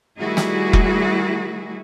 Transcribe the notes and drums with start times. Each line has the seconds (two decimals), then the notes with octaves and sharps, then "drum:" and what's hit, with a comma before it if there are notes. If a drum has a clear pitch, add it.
0.19 D#3 G3 A3 E4 F#4 G#4
0.37 drum: snare
0.73 drum: kick F1